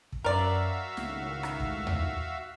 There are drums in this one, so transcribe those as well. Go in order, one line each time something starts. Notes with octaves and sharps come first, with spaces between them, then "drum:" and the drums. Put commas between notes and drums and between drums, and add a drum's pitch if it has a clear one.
drum: kick
F#2 F#4 A#4 D5 E5 F5
C#2 A2 D#3, drum: snare
drum: rim click
drum: kick
drum: tom D#2